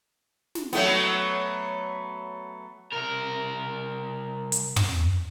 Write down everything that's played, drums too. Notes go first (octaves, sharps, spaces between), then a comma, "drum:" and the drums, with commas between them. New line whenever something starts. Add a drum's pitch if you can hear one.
drum: snare
F#3 A3 B3, drum: snare
C2 A#4
drum: hi-hat
drum: tom